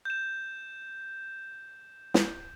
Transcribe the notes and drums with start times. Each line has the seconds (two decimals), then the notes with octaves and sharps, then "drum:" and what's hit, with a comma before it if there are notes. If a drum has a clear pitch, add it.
0.05 G6 E7
2.14 drum: snare